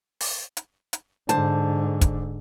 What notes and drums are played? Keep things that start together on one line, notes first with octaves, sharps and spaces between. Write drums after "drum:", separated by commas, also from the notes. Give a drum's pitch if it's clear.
drum: open hi-hat
drum: hi-hat
drum: hi-hat
G#2 D3 C5 A5, drum: hi-hat
drum: kick, hi-hat